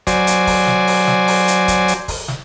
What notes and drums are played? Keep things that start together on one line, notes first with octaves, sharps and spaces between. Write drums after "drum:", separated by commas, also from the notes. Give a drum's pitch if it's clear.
F#3 C5 D5 G#5, drum: kick, hi-hat
drum: hi-hat
drum: kick, open hi-hat
drum: snare
drum: open hi-hat
drum: snare
drum: open hi-hat
drum: hi-hat
drum: kick, hi-hat
drum: hi-hat
drum: kick, open hi-hat
drum: snare